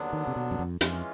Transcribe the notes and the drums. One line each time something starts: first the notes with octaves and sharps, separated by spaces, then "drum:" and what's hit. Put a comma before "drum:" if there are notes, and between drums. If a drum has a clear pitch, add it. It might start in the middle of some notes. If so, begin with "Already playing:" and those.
Already playing: D#2 D3 F#3 B3 D4
D#3
C3
B2
F#2
F2
F2 E3 G#3 C#4 F4, drum: hi-hat